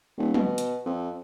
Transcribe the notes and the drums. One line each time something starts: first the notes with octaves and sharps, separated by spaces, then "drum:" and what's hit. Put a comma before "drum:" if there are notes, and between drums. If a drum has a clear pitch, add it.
D#1
B2, drum: tom
drum: hi-hat
F2